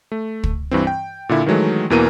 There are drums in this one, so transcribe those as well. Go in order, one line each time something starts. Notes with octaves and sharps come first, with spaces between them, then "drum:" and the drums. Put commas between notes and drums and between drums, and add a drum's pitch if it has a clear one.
A3
drum: kick
G2 E3 C4
G5
A#2 D3 E4
D#3 E3 F#3 G#3 A3
E2 B2 E3 A#3 A#4 D#7